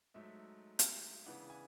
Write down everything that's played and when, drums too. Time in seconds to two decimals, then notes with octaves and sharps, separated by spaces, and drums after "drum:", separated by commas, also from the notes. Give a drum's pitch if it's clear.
0.14 G#2 F#3 A3 E5
0.79 drum: hi-hat
1.26 C#3 E3 B3 D4 F#5
1.50 G#5